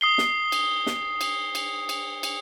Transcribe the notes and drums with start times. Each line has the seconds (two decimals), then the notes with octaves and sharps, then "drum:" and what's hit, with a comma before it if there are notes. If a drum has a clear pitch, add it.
0.01 D#6 C7 G7
0.18 drum: snare
0.52 drum: cymbal
0.86 drum: snare
1.21 drum: cymbal
1.55 drum: cymbal
1.89 drum: cymbal
2.23 drum: cymbal